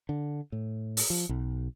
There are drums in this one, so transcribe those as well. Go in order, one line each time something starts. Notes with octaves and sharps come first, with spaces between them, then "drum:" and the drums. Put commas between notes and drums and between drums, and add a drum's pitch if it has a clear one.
D3
A2
drum: open hi-hat
F3
B1